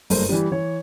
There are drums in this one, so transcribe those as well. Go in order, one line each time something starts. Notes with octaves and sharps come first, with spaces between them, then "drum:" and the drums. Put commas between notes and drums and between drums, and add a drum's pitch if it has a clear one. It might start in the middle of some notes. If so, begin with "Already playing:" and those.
F#1 G2 A3 A#4 C5, drum: open hi-hat
E3 G3
E3 C#5